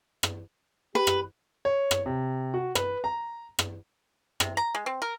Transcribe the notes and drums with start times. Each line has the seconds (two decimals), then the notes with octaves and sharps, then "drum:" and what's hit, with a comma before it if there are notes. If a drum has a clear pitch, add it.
0.23 drum: rim click
0.95 G4 B4
1.07 drum: rim click
1.65 C#5
1.91 drum: rim click
2.06 C3
2.54 F#4
2.75 B4, drum: rim click
3.04 A#5
3.59 drum: rim click
4.40 C3, drum: rim click
4.57 A#5
4.75 G#3
4.86 C4
5.02 A#4